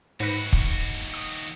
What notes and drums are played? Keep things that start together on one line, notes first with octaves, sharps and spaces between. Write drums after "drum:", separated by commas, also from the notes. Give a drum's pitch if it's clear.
D#2 G#2 F#4 B4 A#6
drum: kick
D#6